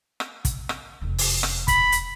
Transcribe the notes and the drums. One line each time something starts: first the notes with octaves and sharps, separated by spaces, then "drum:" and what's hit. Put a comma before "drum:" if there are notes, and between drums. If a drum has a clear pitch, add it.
drum: rim click
drum: kick, hi-hat
drum: rim click
F1 E2
drum: open hi-hat
drum: rim click
B5, drum: kick, hi-hat
drum: hi-hat